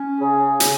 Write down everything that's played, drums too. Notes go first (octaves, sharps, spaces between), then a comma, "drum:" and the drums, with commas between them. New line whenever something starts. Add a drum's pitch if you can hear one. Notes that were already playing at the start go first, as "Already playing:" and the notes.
Already playing: C#4
C#3 G#4
C#3, drum: hi-hat